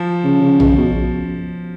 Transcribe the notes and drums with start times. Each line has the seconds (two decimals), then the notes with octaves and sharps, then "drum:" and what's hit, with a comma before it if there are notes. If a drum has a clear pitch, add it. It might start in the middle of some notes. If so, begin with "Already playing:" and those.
Already playing: F3
0.24 C#3
0.41 C#3
0.60 C#3, drum: tom A#1
0.77 B2